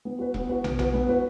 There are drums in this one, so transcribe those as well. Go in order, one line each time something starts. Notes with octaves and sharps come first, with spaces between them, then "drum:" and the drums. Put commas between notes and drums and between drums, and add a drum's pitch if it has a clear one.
B3
F#4 B4
B3, drum: kick E1
F#4 B4
B3, drum: tom
F#4 B4, drum: tom
B3
F#4 B4